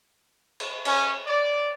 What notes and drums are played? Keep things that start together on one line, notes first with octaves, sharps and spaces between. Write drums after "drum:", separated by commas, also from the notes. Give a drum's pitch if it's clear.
drum: cymbal
C#4, drum: cymbal
D5